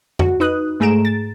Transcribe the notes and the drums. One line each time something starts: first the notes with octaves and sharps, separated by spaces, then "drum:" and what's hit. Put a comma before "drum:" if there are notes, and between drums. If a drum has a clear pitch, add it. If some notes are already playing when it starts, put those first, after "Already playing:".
F#4, drum: tom F2
D#4 B4 D#6 F#6
G#2 A3 G#4 A#5 D7 E7
A6